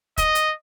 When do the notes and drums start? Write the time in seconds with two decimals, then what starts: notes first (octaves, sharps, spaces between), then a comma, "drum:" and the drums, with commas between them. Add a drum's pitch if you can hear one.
0.18 D#5, drum: kick, hi-hat
0.35 drum: hi-hat